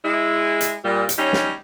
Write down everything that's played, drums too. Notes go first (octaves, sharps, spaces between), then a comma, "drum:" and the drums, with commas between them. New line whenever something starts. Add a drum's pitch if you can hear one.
G#3 E4
drum: hi-hat
A#2 G3
drum: hi-hat
G3 C#4 D#4 C#5
drum: snare